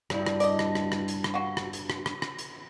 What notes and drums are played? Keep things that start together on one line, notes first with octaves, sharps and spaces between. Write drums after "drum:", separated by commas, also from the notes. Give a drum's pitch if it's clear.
G2 E4, drum: rim click
drum: rim click
D5 D#5, drum: hi-hat
drum: rim click
drum: rim click
drum: rim click
drum: hi-hat
drum: rim click
F4 F#4
drum: rim click
drum: hi-hat
drum: rim click
drum: rim click
drum: rim click
drum: hi-hat